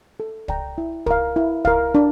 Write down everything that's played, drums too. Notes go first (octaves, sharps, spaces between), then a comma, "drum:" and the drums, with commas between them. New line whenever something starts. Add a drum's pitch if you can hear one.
A4
D5 G5 A#5, drum: kick
E4
A#4 F5, drum: kick
E4
A#4 F5, drum: kick
D4